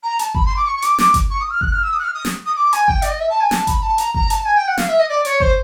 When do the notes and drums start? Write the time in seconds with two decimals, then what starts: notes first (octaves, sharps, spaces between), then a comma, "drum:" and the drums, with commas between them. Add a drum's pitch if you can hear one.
0.03 A#5
0.19 A5, drum: hi-hat
0.35 B5, drum: kick G1
0.46 C6
0.56 D6
0.67 C#6
0.77 C#6
0.82 D6, drum: hi-hat
0.98 D6, drum: snare
1.14 drum: kick G1, hi-hat
1.30 C#6
1.40 D#6
1.50 F6
1.61 F#6, drum: kick G1
1.72 F6
1.83 E6
1.93 D#6
1.99 F#6
2.04 F6
2.14 D#6
2.25 drum: snare
2.45 D#6
2.56 D6
2.73 G#5, drum: hi-hat
2.88 G5, drum: kick G1
3.02 D5, drum: hi-hat
3.09 D#5
3.20 E5
3.30 A5
3.40 G#5
3.51 A5, drum: snare
3.67 B5, drum: kick G1, hi-hat
3.82 A5
3.98 A#5, drum: hi-hat
4.14 A#5, drum: kick G1
4.30 A5, drum: hi-hat
4.45 G#5
4.57 G5
4.68 F#5
4.77 F5, drum: snare
4.89 E5
4.99 D#5
5.09 D5
5.25 C#5, drum: hi-hat
5.40 C5, drum: kick G1